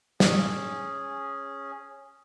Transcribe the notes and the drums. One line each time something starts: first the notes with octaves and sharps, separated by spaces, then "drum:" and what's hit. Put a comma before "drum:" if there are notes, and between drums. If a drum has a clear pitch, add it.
C#4 G#4, drum: snare